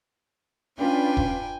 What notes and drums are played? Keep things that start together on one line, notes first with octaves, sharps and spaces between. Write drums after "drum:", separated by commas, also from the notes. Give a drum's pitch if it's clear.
C#4 D4 F4 B4 G5 G#5
drum: kick E1